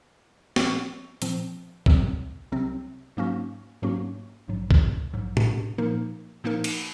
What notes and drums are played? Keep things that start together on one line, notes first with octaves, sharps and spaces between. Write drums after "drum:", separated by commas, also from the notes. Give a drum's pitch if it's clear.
A#2 F3 C4, drum: snare
A#2 F3 C4, drum: hi-hat
C2 C3 F#3 C4, drum: kick
C2 C3 F#3 C4
G#2 F#3 A#3 C#4 F#4
G#2 F#3 A#3 C#4 F#4
A#1 G#2 F#3
drum: kick
A#1 G#2 F#3
drum: tom A2
A#2 F3 A#3 D#4 A#4
A#2 F3 A#3 D#4 A#4
drum: cymbal